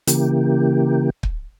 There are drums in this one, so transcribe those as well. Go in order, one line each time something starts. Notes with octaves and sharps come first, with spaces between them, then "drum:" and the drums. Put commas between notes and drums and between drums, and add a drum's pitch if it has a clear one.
C#3 E3 A#3 G4, drum: hi-hat
drum: kick